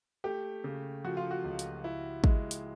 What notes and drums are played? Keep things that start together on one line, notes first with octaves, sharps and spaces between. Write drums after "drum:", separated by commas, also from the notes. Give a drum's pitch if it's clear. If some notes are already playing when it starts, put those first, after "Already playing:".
A3 G4
C#3
F3 F#4
F4
F#4
C#2
drum: hi-hat
E4
G#3, drum: kick
drum: hi-hat